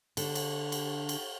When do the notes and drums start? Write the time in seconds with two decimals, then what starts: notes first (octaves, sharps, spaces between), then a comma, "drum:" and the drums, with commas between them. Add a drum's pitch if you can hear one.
0.17 D3, drum: cymbal
0.35 drum: cymbal
0.72 drum: cymbal
1.09 drum: cymbal